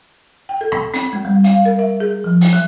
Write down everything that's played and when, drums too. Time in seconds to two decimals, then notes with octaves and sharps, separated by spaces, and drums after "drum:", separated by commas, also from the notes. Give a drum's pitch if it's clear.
0.49 G5
0.61 A4
0.72 drum: rim click
0.94 C4, drum: hi-hat
1.13 G#3
1.25 G3
1.44 F5, drum: hi-hat
1.65 A#4
1.79 E5
2.00 G#4
2.24 F3
2.41 drum: open hi-hat
2.53 F#3